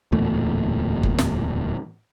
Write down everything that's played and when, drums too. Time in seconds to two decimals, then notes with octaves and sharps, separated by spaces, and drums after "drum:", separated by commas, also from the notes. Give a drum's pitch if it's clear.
0.12 D1 E2 A#2 A3
1.03 drum: kick F#1
1.18 drum: snare